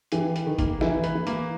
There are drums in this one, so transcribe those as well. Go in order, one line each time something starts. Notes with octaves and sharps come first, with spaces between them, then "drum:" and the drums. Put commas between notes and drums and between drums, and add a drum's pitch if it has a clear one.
E3 G4, drum: hi-hat
B4, drum: hi-hat
D#3
A#3, drum: kick G#1, hi-hat
E3 E4, drum: snare
B4, drum: hi-hat
E3
A#3, drum: hi-hat